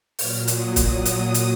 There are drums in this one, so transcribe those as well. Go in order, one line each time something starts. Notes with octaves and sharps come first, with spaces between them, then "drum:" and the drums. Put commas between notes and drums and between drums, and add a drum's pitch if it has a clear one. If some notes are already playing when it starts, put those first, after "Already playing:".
A#2 F#3 F6, drum: open hi-hat
D#6, drum: hi-hat
D#6, drum: kick, hi-hat
drum: hi-hat
drum: hi-hat